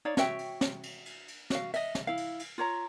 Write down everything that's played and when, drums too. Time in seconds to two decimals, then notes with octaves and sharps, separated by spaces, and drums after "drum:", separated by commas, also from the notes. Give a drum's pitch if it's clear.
0.05 D#4 C#5 D5 F5
0.17 F#4 C#5 E5 G5, drum: snare
0.39 drum: cymbal
0.61 drum: snare
0.83 drum: cymbal
1.06 drum: cymbal
1.28 drum: cymbal
1.50 F#4 F5, drum: snare
1.74 D#5 E5, drum: cymbal
1.95 drum: snare
2.07 E4 F5
2.17 drum: cymbal
2.40 drum: cymbal
2.58 F4 C#5 A#5